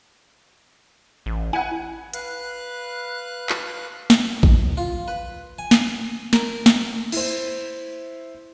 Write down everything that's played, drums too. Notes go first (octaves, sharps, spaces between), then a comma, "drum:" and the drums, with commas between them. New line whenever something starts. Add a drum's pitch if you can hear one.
A1
E4 F#5 G#5
B4 F5 F#6, drum: hi-hat
drum: clap
drum: snare
drum: kick A#1
F4
B4
G#5
drum: snare
A#4, drum: snare
drum: snare
E4 C5, drum: cymbal